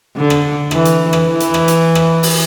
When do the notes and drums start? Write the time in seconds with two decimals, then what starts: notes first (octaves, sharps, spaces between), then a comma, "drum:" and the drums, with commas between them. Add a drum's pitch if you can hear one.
0.17 D3
0.30 drum: rim click
0.71 E3, drum: rim click
0.85 drum: hi-hat
1.13 drum: rim click
1.26 E3
1.40 drum: hi-hat
1.54 drum: rim click
1.68 drum: hi-hat
1.95 drum: rim click
2.23 drum: open hi-hat